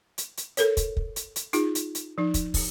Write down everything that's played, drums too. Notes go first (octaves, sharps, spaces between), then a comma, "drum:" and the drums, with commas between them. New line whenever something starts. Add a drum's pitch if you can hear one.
drum: hi-hat
drum: hi-hat
A4 A#4 C#5, drum: hi-hat
drum: kick, hi-hat
drum: kick
drum: hi-hat
drum: hi-hat
D#4 F4 G#4, drum: hi-hat
drum: hi-hat
drum: hi-hat
F3 D#4
drum: kick, hi-hat
drum: kick, open hi-hat